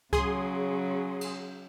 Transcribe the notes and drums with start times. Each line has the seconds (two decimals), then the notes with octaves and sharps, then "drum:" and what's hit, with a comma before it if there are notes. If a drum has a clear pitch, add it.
0.13 C#3 F#3 G#4 C6 D#6, drum: kick C#2
1.21 drum: cymbal